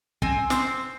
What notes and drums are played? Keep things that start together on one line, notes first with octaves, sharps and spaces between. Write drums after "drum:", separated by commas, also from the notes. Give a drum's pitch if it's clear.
C4 G#5, drum: kick
C4, drum: snare